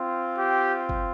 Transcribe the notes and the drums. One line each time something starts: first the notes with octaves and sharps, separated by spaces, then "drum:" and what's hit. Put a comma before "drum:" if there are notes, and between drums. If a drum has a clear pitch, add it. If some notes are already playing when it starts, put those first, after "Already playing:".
Already playing: C4 F4
G4
drum: kick G1